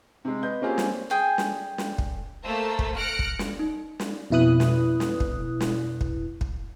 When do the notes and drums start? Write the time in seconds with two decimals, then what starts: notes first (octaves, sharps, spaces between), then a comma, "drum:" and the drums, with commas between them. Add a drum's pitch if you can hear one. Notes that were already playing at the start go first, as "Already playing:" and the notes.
0.25 C3 G#3
0.43 B4 D#5 G6
0.62 A#3 C4 C#4 F4 G4 G#4
0.78 drum: snare
1.10 G#4 G5 G#5
1.38 drum: snare
1.78 drum: snare
1.98 drum: kick
2.44 A3 A#3 C5 E6
2.79 drum: kick
2.95 F6 F#6 A#6 C#7 D7
3.19 drum: kick
3.39 drum: snare
3.59 D#4
4.00 drum: snare
4.30 F2 B2 E4 B4 D#6 F#6
4.60 drum: snare
5.00 drum: snare
5.20 drum: kick
5.60 drum: snare
6.01 drum: kick
6.41 drum: kick